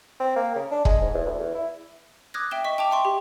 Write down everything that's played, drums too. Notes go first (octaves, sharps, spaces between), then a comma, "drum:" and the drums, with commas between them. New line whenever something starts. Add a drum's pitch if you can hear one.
C4
A#3
C#3
D4
G#3, drum: kick
G#2
E2
D2
E2
E4
D6 D#6 F6 F#6 G#6 A#6
E5 G5 E7 G7
D#5 C#6 B6
G5 A5 D6 F7
E5 G5 C6 C#6
G4